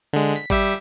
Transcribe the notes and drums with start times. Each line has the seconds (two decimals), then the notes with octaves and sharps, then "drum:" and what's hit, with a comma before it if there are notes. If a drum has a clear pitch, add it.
0.13 D3 G#3
0.36 B6
0.50 G3 G4 E5, drum: kick G#1